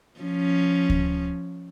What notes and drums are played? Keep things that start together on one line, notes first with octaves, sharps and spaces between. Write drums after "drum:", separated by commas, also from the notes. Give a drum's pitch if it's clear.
F3 C#4
drum: kick D2